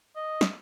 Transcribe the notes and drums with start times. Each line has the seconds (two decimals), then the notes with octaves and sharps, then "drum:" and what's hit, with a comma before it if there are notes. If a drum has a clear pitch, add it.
0.16 D#5
0.41 drum: snare